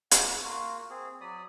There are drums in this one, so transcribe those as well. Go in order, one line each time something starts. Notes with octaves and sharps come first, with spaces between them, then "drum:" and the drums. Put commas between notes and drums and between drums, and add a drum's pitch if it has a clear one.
F#5, drum: hi-hat
A#3 F4 F#4
C4 G#4
F#3 D5 B5 D#6